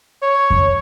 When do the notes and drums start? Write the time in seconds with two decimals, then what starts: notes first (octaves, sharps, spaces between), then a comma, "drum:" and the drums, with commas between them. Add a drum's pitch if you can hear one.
0.22 C#5
0.50 drum: kick F2